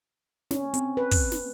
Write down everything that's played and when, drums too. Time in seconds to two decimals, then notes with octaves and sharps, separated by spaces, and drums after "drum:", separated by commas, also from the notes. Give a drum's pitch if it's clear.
0.51 C#4, drum: snare
0.74 C4, drum: hi-hat
0.97 B4
1.11 drum: kick, open hi-hat
1.32 drum: snare